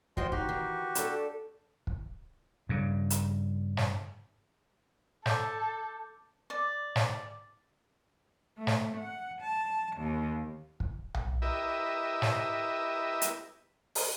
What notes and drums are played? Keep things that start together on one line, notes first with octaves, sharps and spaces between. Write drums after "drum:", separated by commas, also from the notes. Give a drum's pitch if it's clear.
E3 F3 F#4 D#5 G5 C6, drum: kick
D#4 F#4 G4, drum: kick
D#3 E3
D4 A4, drum: hi-hat
drum: kick
G2 C#3
drum: hi-hat
drum: snare
A4 D6 G6, drum: snare
D5
drum: snare
A3
drum: snare
F#5
A5
D#2
drum: kick
drum: tom B1
E4 G4 A#4 B4 D#5 E5
drum: snare
drum: hi-hat
drum: open hi-hat